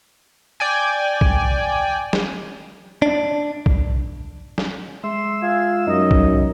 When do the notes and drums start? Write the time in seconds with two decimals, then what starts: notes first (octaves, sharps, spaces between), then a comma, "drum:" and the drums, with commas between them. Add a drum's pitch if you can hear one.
0.60 D5 G5 G#5
1.21 drum: kick B1
2.13 drum: snare
3.02 D4
3.66 drum: kick B1
4.58 drum: snare
5.04 G#3 E5 C6 E6
5.42 F4 G#4
5.87 F#2 D#4 D#5
6.11 drum: kick B1